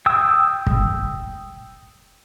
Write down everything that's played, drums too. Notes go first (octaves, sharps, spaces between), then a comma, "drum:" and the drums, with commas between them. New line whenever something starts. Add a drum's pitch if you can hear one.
G5 D#6 E6
drum: kick